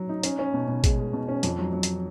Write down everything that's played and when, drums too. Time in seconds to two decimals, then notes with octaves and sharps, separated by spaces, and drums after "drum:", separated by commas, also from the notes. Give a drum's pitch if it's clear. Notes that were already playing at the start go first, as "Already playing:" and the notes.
Already playing: F#3
0.09 D#4
0.23 C#4, drum: hi-hat
0.39 C#4
0.54 B2
0.68 B2
0.84 G#3, drum: kick, hi-hat
0.99 G#3
1.13 B2
1.28 C#4
1.43 F2, drum: hi-hat
1.59 F#3
1.73 F#3
1.83 drum: hi-hat